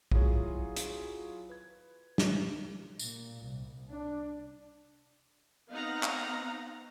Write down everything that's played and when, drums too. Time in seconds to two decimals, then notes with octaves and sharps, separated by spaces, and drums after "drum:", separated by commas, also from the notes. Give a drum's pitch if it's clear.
0.12 F#3 E4 F4 G#4 C#5, drum: kick
0.77 drum: hi-hat
1.49 B4 G#6
2.18 drum: snare
2.99 A#2, drum: tambourine
3.45 C2
3.90 D4
5.71 B3 C4 D#4 F5 F#5 A#5
6.03 drum: clap